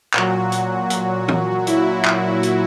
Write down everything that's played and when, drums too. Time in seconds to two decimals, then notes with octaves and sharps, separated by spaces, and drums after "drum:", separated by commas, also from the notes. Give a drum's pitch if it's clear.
0.14 A#2 F#3 F#4, drum: clap
0.52 drum: hi-hat
0.90 drum: hi-hat
1.28 drum: tom
1.67 E4, drum: hi-hat
2.05 drum: clap
2.43 drum: hi-hat